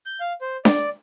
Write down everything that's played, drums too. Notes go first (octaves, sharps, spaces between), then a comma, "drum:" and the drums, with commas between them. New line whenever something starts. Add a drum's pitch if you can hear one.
G6
F5
C5
D5, drum: snare D4